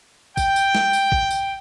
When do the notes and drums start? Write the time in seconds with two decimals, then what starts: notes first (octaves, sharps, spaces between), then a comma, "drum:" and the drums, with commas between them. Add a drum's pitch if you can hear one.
0.37 G5, drum: kick, tambourine
0.56 drum: tambourine
0.75 drum: snare
0.93 drum: tambourine
1.12 drum: kick
1.31 drum: tambourine